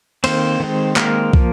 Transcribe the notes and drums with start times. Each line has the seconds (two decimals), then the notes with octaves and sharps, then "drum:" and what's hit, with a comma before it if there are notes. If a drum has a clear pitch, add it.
0.24 D#3 A#3 C4 C5, drum: cymbal
0.60 D#3 G#3 C4
0.96 D#3 G#3 A#3 C4 A#4, drum: clap
1.33 F3 A#3, drum: kick